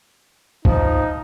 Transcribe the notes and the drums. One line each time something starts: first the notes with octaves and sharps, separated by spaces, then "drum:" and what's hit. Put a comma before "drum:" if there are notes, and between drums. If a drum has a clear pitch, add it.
F3 D#4, drum: kick